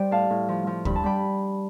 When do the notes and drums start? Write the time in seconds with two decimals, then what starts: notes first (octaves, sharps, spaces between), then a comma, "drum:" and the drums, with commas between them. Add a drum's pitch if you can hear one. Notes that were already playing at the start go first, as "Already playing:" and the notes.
Already playing: G3 C5 D5 G5
0.11 A2 F5 A5
0.30 A2
0.49 F3
0.67 F3
0.85 G2 B5, drum: kick
0.96 A5
1.04 G3 G5 B5